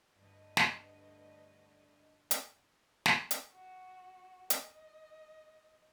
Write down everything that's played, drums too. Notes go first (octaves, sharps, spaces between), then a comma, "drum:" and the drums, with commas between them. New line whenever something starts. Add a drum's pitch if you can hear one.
G2 D3 A3 B4 D#5
drum: snare
drum: hi-hat
drum: snare
drum: hi-hat
F#4
D#5, drum: hi-hat